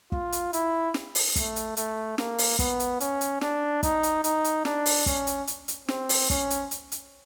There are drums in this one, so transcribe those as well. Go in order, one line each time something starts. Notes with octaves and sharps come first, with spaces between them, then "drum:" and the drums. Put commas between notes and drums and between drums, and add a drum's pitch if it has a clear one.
F4, drum: kick
drum: hi-hat
E4, drum: hi-hat
drum: snare
drum: open hi-hat
A3, drum: kick, hi-hat
drum: hi-hat
A3, drum: hi-hat
A#3, drum: snare
drum: open hi-hat
B3, drum: kick, hi-hat
drum: hi-hat
C#4, drum: hi-hat
drum: hi-hat
D4, drum: snare
D#4, drum: kick, hi-hat
drum: hi-hat
D#4, drum: hi-hat
drum: hi-hat
D4, drum: snare
drum: open hi-hat
C#4, drum: kick, hi-hat
drum: hi-hat
drum: hi-hat
drum: hi-hat
C4, drum: snare
drum: open hi-hat
C#4, drum: kick, hi-hat
drum: hi-hat
drum: hi-hat
drum: hi-hat